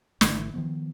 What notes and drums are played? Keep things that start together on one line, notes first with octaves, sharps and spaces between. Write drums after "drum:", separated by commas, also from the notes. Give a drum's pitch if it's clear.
G#1 D3 E3 A3, drum: snare
D#3 F3 B3